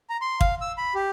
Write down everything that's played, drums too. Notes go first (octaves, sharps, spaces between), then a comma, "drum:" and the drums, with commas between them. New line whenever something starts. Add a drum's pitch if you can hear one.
A#5
C6
F5, drum: kick
E6
B5
G4